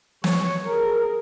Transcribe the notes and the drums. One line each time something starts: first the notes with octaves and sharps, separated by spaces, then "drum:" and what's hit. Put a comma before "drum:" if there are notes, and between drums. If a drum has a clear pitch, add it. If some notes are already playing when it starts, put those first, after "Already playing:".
C#5, drum: snare
G#4 A#4